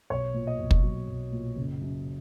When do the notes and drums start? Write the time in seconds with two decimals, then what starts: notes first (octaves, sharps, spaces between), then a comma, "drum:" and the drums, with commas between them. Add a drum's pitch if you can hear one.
0.10 B1 C#5
0.34 A#2
0.47 D#5
0.59 B1
0.71 drum: kick
0.83 F#3
1.08 B1
1.32 A#2
1.56 F#1
1.81 F#2